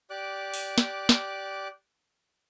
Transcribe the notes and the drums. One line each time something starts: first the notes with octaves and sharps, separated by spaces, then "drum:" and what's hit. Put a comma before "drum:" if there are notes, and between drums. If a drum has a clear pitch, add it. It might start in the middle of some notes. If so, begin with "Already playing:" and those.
G4 D5 D6 F#6
drum: open hi-hat
drum: snare
drum: snare